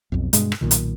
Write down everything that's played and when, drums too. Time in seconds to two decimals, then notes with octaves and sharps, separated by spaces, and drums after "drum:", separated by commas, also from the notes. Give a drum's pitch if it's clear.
0.12 B1 F2
0.33 G2 B2 G#3, drum: hi-hat
0.52 drum: rim click
0.61 B1 A#2 D#3
0.71 drum: hi-hat